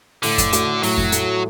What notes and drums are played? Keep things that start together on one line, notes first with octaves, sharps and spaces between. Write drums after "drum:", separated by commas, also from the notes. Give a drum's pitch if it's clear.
A2 D3, drum: open hi-hat
drum: kick F2, hi-hat
A3 F#4 A4, drum: hi-hat
A2 F#3, drum: open hi-hat
drum: kick F2
A3 F#4 A4, drum: hi-hat